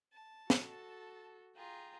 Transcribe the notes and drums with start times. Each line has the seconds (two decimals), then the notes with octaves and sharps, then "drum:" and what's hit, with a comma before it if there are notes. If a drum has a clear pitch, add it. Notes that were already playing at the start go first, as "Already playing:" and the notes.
0.13 A5
0.50 F#4 A4, drum: snare
1.56 F4 G#4 G5 A#5